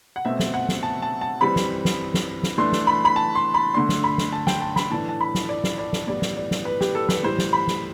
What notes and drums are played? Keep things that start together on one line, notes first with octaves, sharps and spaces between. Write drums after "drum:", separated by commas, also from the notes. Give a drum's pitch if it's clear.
F#5
B2 A3 C4 E5
drum: snare
F#5
drum: snare
A5
A5
A5
E3 G3 C4 B5
drum: snare
drum: snare
drum: snare
drum: snare
E3 A3 D4 C6
drum: snare
B5
B5
A5
C6
B5
D3 A3 D4 C6
drum: snare
B5
drum: snare
A5
G5, drum: snare
A5
B5, drum: snare
A2 E3 A3 D4 A5
A5
B5
drum: snare
D5
drum: snare
D5
drum: snare
A2 E3 G3 B3 D5
drum: snare
D5
drum: snare
B4
G4, drum: snare
A4
B4, drum: snare
A2 E3 G3 C5
drum: snare
B5
drum: snare